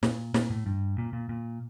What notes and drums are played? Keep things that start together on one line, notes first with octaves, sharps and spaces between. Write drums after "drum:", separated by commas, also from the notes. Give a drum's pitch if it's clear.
A#2, drum: snare
A#2, drum: snare
A2
G2
A#2
A#2
A#2